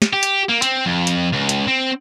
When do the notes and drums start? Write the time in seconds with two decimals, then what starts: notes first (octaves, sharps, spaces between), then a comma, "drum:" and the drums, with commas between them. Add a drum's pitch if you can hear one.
0.02 drum: snare
0.13 G4
0.23 drum: hi-hat
0.49 A#3
0.62 C4, drum: hi-hat
0.86 F2
1.07 drum: hi-hat
1.33 C#2
1.49 drum: hi-hat
1.67 C4